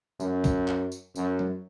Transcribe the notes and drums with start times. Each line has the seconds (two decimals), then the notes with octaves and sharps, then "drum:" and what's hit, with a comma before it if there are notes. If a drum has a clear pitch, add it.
0.20 F#2, drum: tambourine
0.44 drum: kick B1, tambourine
0.68 drum: clap
0.92 drum: tambourine
1.16 F#2, drum: tambourine
1.39 drum: tom F#3